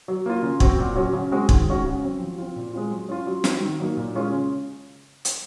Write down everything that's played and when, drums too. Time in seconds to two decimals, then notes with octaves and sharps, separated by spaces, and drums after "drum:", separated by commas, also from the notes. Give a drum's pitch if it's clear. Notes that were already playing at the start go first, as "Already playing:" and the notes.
0.08 F#3
0.26 A#3 F4
0.42 C#3
0.60 F#3 C4 F#4, drum: kick
0.78 A#2
0.96 F#3 C#4 F#4
1.13 C#3
1.32 G#3 C4 F#4
1.49 D#3, drum: kick
1.68 G#3 C#4 F#4
1.85 C#3
2.03 F#3 C4
2.20 F3
2.38 C4 F4
2.56 A#2
2.73 G#3 C4 F4
2.91 F#3
3.09 C#4 F4
3.27 F#3
3.44 C4 D#4 F#4, drum: snare
3.62 D#3
3.80 F#3 A#3 D#4
3.97 A#2
4.15 G#3 C#4 F4
4.32 C#3
5.25 drum: hi-hat